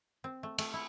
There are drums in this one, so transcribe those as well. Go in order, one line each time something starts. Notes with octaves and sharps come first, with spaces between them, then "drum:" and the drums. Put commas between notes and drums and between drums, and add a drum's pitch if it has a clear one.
C4
A3
A3, drum: cymbal
E4